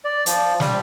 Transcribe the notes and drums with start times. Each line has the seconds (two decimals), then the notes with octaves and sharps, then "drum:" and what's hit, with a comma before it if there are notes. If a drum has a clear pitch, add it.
0.04 D5
0.26 F3, drum: hi-hat
0.60 G3, drum: snare